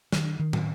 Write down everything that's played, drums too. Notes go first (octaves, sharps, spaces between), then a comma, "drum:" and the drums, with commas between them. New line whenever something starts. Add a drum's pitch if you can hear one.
D#3, drum: snare
D#3
drum: tom